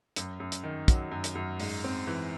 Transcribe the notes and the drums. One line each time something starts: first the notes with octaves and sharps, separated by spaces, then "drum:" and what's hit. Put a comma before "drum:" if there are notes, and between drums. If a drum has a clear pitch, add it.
F#2, drum: hi-hat
F#2
drum: hi-hat
D#3
F#3, drum: kick, hi-hat
F#2
drum: hi-hat
F#2
G#2, drum: open hi-hat
C4
E3